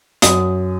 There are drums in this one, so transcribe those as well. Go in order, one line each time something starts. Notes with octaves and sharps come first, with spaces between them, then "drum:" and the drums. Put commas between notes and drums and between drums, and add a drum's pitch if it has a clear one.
F#2 D#6, drum: hi-hat